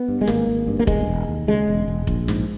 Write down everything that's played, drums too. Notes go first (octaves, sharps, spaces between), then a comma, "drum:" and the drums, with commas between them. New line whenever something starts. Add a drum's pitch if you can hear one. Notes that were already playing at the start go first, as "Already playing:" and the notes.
Already playing: B3
G2
G#3
G#1 A#3, drum: snare
G#1
G2
A#3
E1 G#3, drum: kick F1
E1
D#2
C#3 G#3
E1
E1
A#1, drum: kick F1
G#2, drum: snare